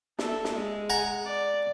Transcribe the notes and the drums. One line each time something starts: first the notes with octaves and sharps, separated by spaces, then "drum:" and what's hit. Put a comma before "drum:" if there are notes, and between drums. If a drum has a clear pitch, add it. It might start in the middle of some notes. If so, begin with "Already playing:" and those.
A4 E5, drum: snare
drum: snare
G#3
F#5 G#5 A#5
D5